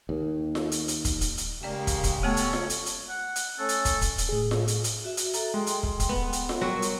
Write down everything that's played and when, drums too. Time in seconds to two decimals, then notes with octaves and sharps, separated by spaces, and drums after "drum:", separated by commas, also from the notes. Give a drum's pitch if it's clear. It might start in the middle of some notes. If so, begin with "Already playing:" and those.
0.09 D#2
0.55 drum: snare F4
0.72 drum: hi-hat
0.88 drum: hi-hat
1.05 drum: kick, hi-hat
1.21 drum: hi-hat
1.38 drum: hi-hat
1.63 C#3 G#3 A#3 G4 D5 G5
1.87 drum: kick, hi-hat
2.04 drum: kick, hi-hat
2.23 A3 B3 C#4 A4 C#5 G5
2.37 drum: hi-hat
2.53 drum: snare F4
2.70 drum: hi-hat
2.86 drum: hi-hat
3.09 F#5
3.36 drum: hi-hat
3.59 A3 C#4 A4
3.69 drum: hi-hat
3.85 drum: kick, hi-hat
4.02 drum: kick, hi-hat
4.18 drum: hi-hat
4.29 A2 G#4
4.51 drum: snare F4
4.68 drum: hi-hat
4.84 drum: hi-hat
5.05 F#4 E5
5.17 drum: hi-hat
5.34 A4 A#5, drum: hi-hat
5.54 G#3 G5 C6
5.67 drum: hi-hat
5.83 drum: kick
6.00 drum: kick, hi-hat
6.09 B3
6.33 drum: hi-hat
6.49 drum: snare F4
6.61 F#3 G3 F#4 A#4 C#5
6.82 drum: hi-hat